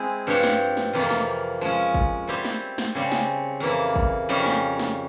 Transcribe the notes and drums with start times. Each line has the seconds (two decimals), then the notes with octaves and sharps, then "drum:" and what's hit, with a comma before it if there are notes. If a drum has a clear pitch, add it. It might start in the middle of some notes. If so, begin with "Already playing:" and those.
Already playing: G#3 C4 E4 G#4
0.27 G2 F3 C4 G4 C#5
0.43 drum: snare
0.77 drum: snare
0.93 F2 C3 E3 A#3 F4
1.10 drum: snare
1.61 F3 G#3 C#4
1.94 drum: kick
2.27 G3 C4 E4 G4 C5
2.45 drum: snare
2.78 drum: snare
2.95 C#3 G3 C4
3.12 drum: snare
3.60 F2 E3 A#3 E4
3.96 drum: kick
4.29 F2 C#3 G3 C#4
4.46 drum: snare
4.79 drum: snare